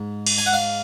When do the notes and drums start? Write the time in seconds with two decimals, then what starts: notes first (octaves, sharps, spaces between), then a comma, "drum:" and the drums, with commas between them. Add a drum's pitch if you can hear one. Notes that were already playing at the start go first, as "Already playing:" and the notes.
Already playing: G#2
0.27 drum: cymbal
0.38 G#5
0.46 F#5
0.53 F5